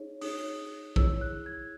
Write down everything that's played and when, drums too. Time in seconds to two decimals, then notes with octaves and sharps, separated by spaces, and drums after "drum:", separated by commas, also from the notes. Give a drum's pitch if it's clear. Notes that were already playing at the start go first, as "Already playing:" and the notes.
Already playing: D#4 G#4 C#5
0.21 D#4 G#4 C#5 D#6, drum: open hi-hat
0.96 E4 G#4 C#5 E6, drum: kick
1.21 F#6
1.46 G#6